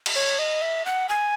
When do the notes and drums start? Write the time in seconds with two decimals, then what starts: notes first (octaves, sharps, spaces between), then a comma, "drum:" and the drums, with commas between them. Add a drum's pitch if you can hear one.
0.06 drum: cymbal
0.15 C#5
0.39 D#5
0.62 E5
0.86 F#5
1.09 G#5